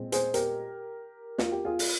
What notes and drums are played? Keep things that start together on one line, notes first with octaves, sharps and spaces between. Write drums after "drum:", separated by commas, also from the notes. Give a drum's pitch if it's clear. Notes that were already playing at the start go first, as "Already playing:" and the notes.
Already playing: A#2 G#3 C4
G#4 C5, drum: hi-hat
G4 A#4, drum: hi-hat
F4, drum: snare
G4
F4 G#4
drum: open hi-hat